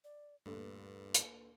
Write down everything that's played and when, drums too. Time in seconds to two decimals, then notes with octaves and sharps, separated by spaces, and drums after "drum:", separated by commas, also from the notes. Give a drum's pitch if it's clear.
0.04 D5
0.46 D2 G2 A#2 D3 B4
1.14 drum: hi-hat